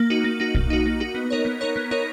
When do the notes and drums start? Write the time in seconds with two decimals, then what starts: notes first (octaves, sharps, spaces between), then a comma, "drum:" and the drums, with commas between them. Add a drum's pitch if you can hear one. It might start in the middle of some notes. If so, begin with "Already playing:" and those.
Already playing: A#3
0.10 D#4 F#4
0.24 A#3
0.40 D#4 F#4
0.55 A#3, drum: kick
0.70 D#4 F#4
0.86 A#3
1.00 D#4 F#4
1.15 B3
1.30 D#4 A#4 C#5
1.45 B3
1.61 D#4 A#4 C#5
1.76 B3
1.91 D#4 A#4 C#5